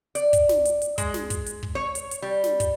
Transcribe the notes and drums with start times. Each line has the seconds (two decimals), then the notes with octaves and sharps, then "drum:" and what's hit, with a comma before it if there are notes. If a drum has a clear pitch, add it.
0.15 D5, drum: hi-hat
0.33 drum: kick, hi-hat
0.49 drum: snare
0.65 drum: hi-hat
0.82 drum: hi-hat
0.98 G#3, drum: kick, hi-hat
1.14 drum: snare
1.30 drum: kick, hi-hat
1.46 drum: hi-hat
1.63 drum: kick
1.75 C#5
1.95 drum: hi-hat
2.11 drum: hi-hat
2.22 G3
2.44 drum: snare
2.60 drum: kick, hi-hat